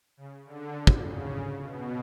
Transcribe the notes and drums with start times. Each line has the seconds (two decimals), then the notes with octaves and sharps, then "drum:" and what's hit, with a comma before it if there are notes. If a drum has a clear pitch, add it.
0.17 C#3
0.45 D3
0.87 drum: kick
1.01 C#3
1.30 C#3
1.58 B2